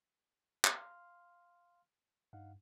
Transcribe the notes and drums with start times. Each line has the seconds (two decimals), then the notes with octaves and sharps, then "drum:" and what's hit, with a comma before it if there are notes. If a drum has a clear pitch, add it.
0.64 drum: clap
0.75 F5 C6 F6
2.33 G2 D#4 F5 F#5